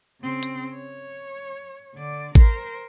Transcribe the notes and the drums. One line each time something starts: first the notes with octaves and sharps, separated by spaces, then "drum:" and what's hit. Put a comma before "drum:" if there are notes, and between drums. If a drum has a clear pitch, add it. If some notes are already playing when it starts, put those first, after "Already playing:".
C#3 C4
drum: hi-hat
C#5
D3 D5
A#4 C5, drum: kick A1